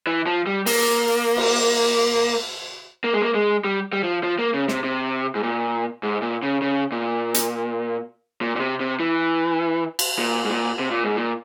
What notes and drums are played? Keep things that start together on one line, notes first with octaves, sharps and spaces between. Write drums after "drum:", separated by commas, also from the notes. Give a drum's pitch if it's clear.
E3
F3
G3
A#3, drum: open hi-hat
drum: cymbal
A#3
G#3
A#3
G#3
G3
G3
F3
F3
A#3
C#3
C3, drum: snare
C3
G#2
A#2
G#2
A#2
C#3
C#3
A#2
drum: hi-hat
A#2
A#2
C3
C3
E3
drum: cymbal
A#2
G#2
A#2
C3
A#2
G#2
A#2